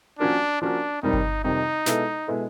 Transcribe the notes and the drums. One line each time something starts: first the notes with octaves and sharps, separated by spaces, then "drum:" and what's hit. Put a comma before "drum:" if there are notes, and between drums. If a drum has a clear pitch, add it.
F3 A#3 C#4 D4 F#4 A#4
F3 A#3 C#4 D4 F#4 A#4
F2 C3 D#3 G3 D#4
drum: kick G1
F2 C3 D#3 G3 D#4
B2 G#3 B3 E4 A4, drum: snare
B2 G#3 B3 E4 A4